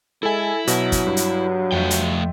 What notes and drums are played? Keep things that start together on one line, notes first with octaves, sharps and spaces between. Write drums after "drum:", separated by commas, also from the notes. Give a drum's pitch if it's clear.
G#3 E4 A4 E5 G#5
B2 F#3, drum: hi-hat
drum: kick, hi-hat
G2
drum: hi-hat
F2 A3 E5 F5 G5
drum: hi-hat